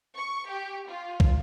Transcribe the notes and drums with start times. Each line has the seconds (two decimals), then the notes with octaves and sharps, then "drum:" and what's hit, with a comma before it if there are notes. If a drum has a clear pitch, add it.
0.16 C#6
0.49 G4
0.89 F4
1.20 drum: kick